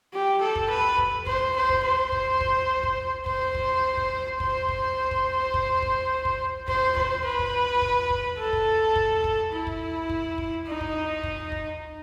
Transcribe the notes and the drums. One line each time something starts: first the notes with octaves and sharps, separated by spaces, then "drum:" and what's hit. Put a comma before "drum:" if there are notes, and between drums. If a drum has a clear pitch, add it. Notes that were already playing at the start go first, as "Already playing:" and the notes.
G4
A4
drum: kick
B4
drum: kick
C5, drum: kick
C5
drum: kick
C5
drum: kick
drum: kick
drum: kick
C5, drum: kick
drum: kick
drum: kick
C5, drum: kick
drum: kick
drum: kick
drum: kick
drum: kick
drum: kick
C5, drum: kick
C5, drum: kick
B4
drum: kick
drum: kick
drum: kick
A4
drum: kick
drum: kick
drum: kick
E4
drum: kick
drum: kick
drum: kick
D#4
drum: kick
drum: kick
drum: kick